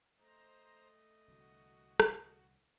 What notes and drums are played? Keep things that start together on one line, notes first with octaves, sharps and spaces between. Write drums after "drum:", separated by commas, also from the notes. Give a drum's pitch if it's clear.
A3 C5 D#5 A#5
C2 D3 E3 F#4
drum: rim click